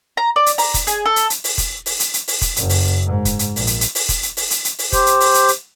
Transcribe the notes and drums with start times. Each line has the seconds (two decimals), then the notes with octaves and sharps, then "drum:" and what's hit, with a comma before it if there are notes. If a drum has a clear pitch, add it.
0.17 A#5
0.36 D5
0.46 drum: hi-hat
0.58 A#5, drum: open hi-hat
0.74 drum: kick F1, hi-hat
0.87 G#4, drum: hi-hat
1.06 A4
1.16 drum: hi-hat
1.30 drum: hi-hat
1.44 drum: open hi-hat
1.58 drum: kick F1, hi-hat
1.86 drum: open hi-hat
2.00 drum: hi-hat
2.14 drum: hi-hat
2.28 drum: open hi-hat
2.42 drum: kick F1, hi-hat
2.56 F#1 F#2, drum: hi-hat
2.69 drum: open hi-hat
3.06 G#2
3.25 drum: kick F1, hi-hat
3.39 drum: hi-hat
3.56 A#1, drum: open hi-hat
3.67 drum: hi-hat
3.81 drum: hi-hat
3.95 drum: open hi-hat
4.09 drum: kick F1, hi-hat
4.23 drum: hi-hat
4.37 drum: open hi-hat
4.51 drum: hi-hat
4.65 drum: hi-hat
4.79 drum: open hi-hat
4.92 G4 C5, drum: kick F1, hi-hat
5.06 drum: hi-hat
5.20 drum: open hi-hat
5.34 drum: hi-hat
5.48 drum: hi-hat